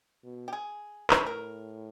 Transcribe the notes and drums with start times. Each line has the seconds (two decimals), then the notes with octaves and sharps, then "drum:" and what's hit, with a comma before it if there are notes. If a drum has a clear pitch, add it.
0.24 B2
0.48 G4
0.53 G#4
1.10 A2 A#4, drum: clap
1.19 B4
1.26 A#4